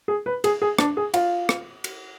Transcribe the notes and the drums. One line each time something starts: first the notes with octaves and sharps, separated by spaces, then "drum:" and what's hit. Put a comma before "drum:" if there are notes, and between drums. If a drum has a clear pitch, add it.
G#4
B4
G#4, drum: cymbal
G#4
D4, drum: rim click
G#4
F4, drum: cymbal
drum: rim click
drum: cymbal